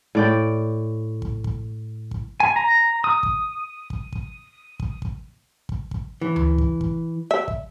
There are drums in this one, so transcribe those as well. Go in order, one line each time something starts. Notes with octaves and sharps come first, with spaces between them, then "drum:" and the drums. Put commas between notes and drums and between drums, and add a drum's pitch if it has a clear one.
A2 D5 G5
drum: kick
drum: kick
drum: kick
G#5
A#5
D#6
drum: kick
drum: kick
drum: kick
drum: kick
drum: kick
drum: kick
drum: kick
E3
drum: tom D2
drum: kick
drum: kick
E5
drum: kick